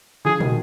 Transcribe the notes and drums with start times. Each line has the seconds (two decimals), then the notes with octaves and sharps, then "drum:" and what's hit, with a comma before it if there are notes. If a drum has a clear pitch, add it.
0.25 D3 F3 G#4
0.40 B2 D#3, drum: tom